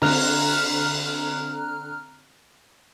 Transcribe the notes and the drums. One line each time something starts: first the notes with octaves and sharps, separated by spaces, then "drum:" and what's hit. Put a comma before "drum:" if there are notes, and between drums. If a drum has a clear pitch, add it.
D3 C4 A#5 F6 F#6, drum: cymbal